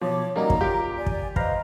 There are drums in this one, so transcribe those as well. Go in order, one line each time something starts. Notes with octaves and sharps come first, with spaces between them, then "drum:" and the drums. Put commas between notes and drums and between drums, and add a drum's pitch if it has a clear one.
B2 F3 C#5 D6
G3 A#3 C#4 D#4 F#4 A#5
drum: kick
F4 G4 D6
D5 G#5
drum: kick
B4 C5 D#5 F5 A#5, drum: kick